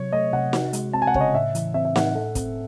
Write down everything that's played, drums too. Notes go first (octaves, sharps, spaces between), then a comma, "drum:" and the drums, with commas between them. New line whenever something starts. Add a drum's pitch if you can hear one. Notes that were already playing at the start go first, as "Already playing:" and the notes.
Already playing: C3 F#3 C#5
A3 D#5
C3 F#5
F#4, drum: snare
G#3, drum: hi-hat
C4 A5
G#5
F#5
C#3 C#5, drum: kick
D#5
A2 E5
E3, drum: hi-hat
C4 E5
E5
A2 F#5, drum: snare
A4
C4, drum: kick, hi-hat